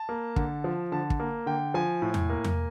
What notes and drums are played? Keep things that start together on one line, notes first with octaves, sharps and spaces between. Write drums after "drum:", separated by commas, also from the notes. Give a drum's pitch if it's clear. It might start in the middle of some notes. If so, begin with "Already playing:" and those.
Already playing: A5
A#3
D3, drum: kick
F3
D3 A5
drum: kick
A#3
D3 G5
F3 G#5
A2
drum: tom E2
A#3
drum: tom E2